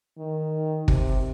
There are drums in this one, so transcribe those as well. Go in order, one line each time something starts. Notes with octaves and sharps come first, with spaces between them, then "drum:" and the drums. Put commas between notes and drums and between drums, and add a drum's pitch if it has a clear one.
D#3
C3, drum: kick G1